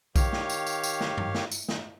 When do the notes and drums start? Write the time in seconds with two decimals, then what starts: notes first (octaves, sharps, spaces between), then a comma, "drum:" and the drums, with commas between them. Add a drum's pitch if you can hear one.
0.16 D#3 G4 C#5 F5, drum: kick B1, tambourine
0.33 drum: snare
0.50 drum: tambourine
0.67 drum: tambourine
0.84 drum: tambourine
1.01 drum: snare
1.18 drum: tom G2
1.34 drum: snare
1.51 drum: tambourine
1.68 drum: snare